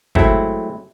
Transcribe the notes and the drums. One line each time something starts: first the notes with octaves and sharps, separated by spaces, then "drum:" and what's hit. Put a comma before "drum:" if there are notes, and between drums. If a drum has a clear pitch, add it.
F#3 G#3 A3 C4 E4 A4, drum: kick